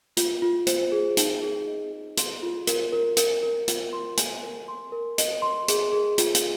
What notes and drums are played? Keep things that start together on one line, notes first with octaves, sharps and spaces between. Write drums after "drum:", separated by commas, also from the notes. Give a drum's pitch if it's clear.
F4, drum: hi-hat
F4
C5, drum: hi-hat
G#4
D#4, drum: hi-hat
G#4
D#5
G#4
C6, drum: hi-hat
F4
A#4, drum: hi-hat
A#4
A#4, drum: hi-hat
A#4
F4, drum: hi-hat
C6
G#5, drum: hi-hat
A#4
C6
A#4
D#5, drum: hi-hat
C6
G#4, drum: hi-hat
G#4
F4, drum: hi-hat
drum: hi-hat